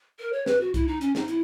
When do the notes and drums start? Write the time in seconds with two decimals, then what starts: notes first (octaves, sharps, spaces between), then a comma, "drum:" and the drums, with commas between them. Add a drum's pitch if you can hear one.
0.19 A#4
0.33 C#5
0.46 B4, drum: snare
0.60 F#4
0.74 E4, drum: kick C2, hi-hat
0.88 D#4
1.01 C#4, drum: hi-hat
1.15 D#4, drum: snare
1.28 E4, drum: hi-hat